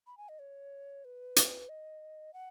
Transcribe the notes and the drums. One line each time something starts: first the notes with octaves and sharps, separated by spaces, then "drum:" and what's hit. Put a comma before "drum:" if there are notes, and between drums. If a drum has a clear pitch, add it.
B5
G#5
D#5
C#5
B4
drum: hi-hat
D#5
F#5